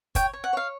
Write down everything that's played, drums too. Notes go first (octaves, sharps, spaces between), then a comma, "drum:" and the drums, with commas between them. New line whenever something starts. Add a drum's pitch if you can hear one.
C#5 G5, drum: kick, hi-hat
C#5
F#5
C#5 F5